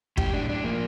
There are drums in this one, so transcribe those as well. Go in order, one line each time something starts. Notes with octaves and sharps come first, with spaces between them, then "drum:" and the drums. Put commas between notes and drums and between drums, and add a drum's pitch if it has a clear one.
A2 G4, drum: kick
A2 D4
A2 D4
F3 A#3